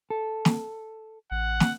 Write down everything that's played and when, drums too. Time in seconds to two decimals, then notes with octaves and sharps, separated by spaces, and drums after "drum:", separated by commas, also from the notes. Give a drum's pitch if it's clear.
0.10 A4
0.45 drum: snare
1.32 A1 F#5
1.60 drum: snare